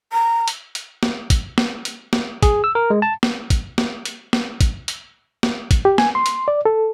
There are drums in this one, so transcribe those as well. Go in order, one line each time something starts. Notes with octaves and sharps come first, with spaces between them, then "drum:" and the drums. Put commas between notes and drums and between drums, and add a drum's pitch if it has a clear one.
A#5
drum: hi-hat
drum: hi-hat
drum: snare
drum: kick, hi-hat
drum: snare
drum: hi-hat
drum: snare
G#4, drum: kick, hi-hat
E6
A#4
G#3
A5
drum: snare
drum: kick, hi-hat
drum: snare
drum: hi-hat
drum: snare
drum: kick, hi-hat
drum: hi-hat
drum: snare
drum: kick, hi-hat
G4
G#5, drum: snare
C6
drum: hi-hat
D5
A4